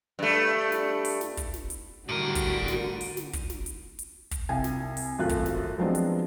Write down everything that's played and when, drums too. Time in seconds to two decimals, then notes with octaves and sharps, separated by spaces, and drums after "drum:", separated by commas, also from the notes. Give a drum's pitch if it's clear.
0.19 G2 A3
0.72 drum: snare
1.05 drum: open hi-hat
1.21 drum: snare
1.37 drum: kick, hi-hat
1.54 drum: snare
1.70 drum: hi-hat
2.09 A2 D3 G3 F#4 A#4 D7 D#7
2.35 drum: kick, hi-hat
2.68 drum: snare
3.01 drum: open hi-hat
3.17 drum: snare
3.33 drum: kick, hi-hat
3.50 drum: snare
3.66 drum: hi-hat
3.99 drum: hi-hat
4.31 drum: kick, hi-hat
4.49 C2 F5 G#5
4.64 drum: snare
4.97 drum: open hi-hat
5.19 G#1 F#2 A3 F4 F#6
5.29 drum: kick, hi-hat
5.46 drum: snare
5.78 F3 F#3 G#3 B3 C4 D4
5.95 drum: hi-hat